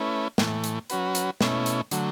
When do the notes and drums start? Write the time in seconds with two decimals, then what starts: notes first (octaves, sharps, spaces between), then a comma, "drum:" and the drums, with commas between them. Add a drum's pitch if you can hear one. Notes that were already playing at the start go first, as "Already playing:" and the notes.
Already playing: A3 C#4 E4 B4
0.38 A2 E3 A3, drum: snare
0.64 drum: hi-hat
0.90 F#3 C#4 F#4 B4, drum: hi-hat
1.15 drum: hi-hat
1.41 B2 A3 C#4 E4, drum: snare
1.66 drum: hi-hat
1.91 D3 F#3 A3, drum: hi-hat